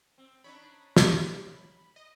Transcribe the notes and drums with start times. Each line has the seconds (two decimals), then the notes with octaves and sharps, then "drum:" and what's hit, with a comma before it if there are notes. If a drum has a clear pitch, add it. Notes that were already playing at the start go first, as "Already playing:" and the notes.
0.18 C4
0.44 D4 D#4 C#5 B5
0.97 drum: snare
1.96 D#5